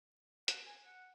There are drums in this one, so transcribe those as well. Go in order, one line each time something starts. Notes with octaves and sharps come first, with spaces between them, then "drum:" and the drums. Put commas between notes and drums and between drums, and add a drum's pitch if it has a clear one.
F#5, drum: hi-hat
G#5
F#5